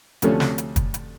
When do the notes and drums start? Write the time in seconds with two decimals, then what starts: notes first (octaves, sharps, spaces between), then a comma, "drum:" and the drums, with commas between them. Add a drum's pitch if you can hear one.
0.22 D2 C3 F3 A3 C#4, drum: hi-hat
0.40 drum: snare
0.58 drum: hi-hat
0.76 drum: kick, hi-hat
0.94 drum: hi-hat